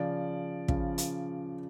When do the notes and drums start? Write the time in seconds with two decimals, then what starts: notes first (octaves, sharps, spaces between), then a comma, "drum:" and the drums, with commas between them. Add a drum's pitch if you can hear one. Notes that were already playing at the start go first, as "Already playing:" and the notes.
Already playing: C#3 F3 D5
0.68 C#3 F3, drum: kick
0.98 drum: hi-hat